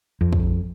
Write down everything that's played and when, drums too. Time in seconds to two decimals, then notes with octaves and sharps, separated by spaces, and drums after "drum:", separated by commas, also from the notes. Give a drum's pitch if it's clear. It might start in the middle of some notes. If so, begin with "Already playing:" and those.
0.21 F2
0.33 drum: kick